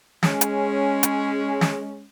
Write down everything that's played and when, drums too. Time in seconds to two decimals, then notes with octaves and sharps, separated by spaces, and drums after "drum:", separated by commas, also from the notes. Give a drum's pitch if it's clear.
0.23 G#3 C#4, drum: snare
0.41 drum: hi-hat
1.03 drum: hi-hat
1.61 drum: snare